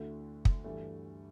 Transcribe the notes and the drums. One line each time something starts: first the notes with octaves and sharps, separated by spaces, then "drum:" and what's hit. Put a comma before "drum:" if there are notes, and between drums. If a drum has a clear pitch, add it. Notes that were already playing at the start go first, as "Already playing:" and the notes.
Already playing: D2 D3 A3 E4
drum: kick
G2 E3 A3